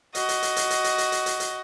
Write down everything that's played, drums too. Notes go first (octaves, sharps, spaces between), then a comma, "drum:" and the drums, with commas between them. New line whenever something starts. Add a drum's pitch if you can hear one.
F#4 D#5, drum: hi-hat
drum: hi-hat
drum: hi-hat
drum: hi-hat
drum: hi-hat
drum: hi-hat
drum: hi-hat
drum: hi-hat
drum: hi-hat
drum: hi-hat